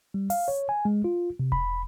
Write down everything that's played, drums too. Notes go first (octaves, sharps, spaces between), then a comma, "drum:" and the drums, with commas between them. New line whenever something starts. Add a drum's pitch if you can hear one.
G3
F5, drum: open hi-hat
C#5
G#5
G#3
F4
C3
B5, drum: kick E1